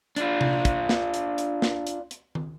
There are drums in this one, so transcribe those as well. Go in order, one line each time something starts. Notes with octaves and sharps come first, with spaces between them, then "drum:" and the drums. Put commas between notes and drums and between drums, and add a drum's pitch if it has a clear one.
D4 F4, drum: hi-hat
drum: tom C3
drum: kick, hi-hat
drum: snare
drum: hi-hat
drum: hi-hat
drum: snare
drum: hi-hat
drum: hi-hat
drum: tom D#3